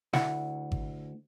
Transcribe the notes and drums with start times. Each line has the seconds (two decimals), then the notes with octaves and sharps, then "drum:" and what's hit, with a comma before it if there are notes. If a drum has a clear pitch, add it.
0.13 D2 E4 F#5, drum: snare
0.72 drum: kick G#1